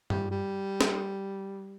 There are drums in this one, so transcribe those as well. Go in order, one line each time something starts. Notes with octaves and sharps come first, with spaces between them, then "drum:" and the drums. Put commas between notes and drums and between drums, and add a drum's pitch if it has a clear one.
G3, drum: tom
G3
drum: snare